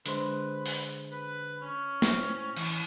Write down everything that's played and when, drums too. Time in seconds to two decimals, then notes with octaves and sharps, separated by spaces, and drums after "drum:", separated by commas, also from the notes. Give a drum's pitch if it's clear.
0.06 D3 G#3 B4 C5, drum: hi-hat
0.66 drum: open hi-hat
1.11 B4
1.62 C#4
2.02 A2 C4, drum: snare
2.57 E3, drum: cymbal